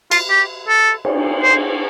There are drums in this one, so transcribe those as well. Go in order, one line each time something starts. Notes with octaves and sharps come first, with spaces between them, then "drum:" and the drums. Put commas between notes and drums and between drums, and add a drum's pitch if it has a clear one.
F4, drum: cymbal
G4
A4
drum: cymbal
C5